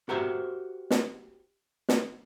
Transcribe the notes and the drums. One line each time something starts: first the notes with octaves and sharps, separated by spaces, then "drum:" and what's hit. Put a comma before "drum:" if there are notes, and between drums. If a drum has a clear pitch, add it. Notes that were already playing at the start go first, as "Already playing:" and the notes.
F#4 G4 A#4 C5 E5
drum: snare
drum: snare